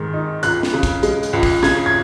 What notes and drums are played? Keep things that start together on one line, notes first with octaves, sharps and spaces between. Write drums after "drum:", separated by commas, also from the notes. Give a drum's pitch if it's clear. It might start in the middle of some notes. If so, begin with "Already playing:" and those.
Already playing: G#2 D#3 G#3
D#4
C#2 F#6, drum: hi-hat
drum: snare
C#3
drum: kick, hi-hat
G#3, drum: hi-hat
drum: hi-hat
C#2
drum: kick, open hi-hat
C#3 G#6, drum: snare
G#6